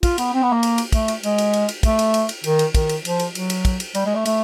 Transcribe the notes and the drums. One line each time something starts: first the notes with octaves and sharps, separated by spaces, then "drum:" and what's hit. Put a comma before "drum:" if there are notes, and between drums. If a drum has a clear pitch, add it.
F4, drum: kick, cymbal
B3, drum: cymbal
C4
B3
A#3
drum: cymbal
drum: cymbal
A3, drum: kick, cymbal
drum: cymbal
G#3, drum: cymbal
drum: cymbal
drum: cymbal
drum: cymbal
A3, drum: kick, cymbal
drum: cymbal
drum: cymbal
drum: cymbal
D#3, drum: cymbal
drum: cymbal
D#3, drum: kick, cymbal
drum: cymbal
F3, drum: cymbal
drum: cymbal
F#3, drum: cymbal
drum: cymbal
drum: kick, cymbal
drum: cymbal
G3, drum: cymbal
G#3
A3
A3, drum: cymbal